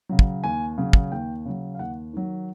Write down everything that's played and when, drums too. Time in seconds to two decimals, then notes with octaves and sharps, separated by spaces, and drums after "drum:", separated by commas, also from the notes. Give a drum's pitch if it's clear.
0.09 C#3 F#3
0.19 drum: kick
0.44 D#2 G#5
0.78 C#3 F#3
0.93 drum: kick
1.12 D#2 G5
1.45 C#3 F#3
1.75 F5
1.79 D#2 F#5
2.13 D#3 F#3